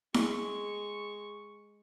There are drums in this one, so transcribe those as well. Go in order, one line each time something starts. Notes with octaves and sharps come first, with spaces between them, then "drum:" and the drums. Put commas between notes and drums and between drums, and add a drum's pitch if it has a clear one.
G#3 C#6, drum: snare E4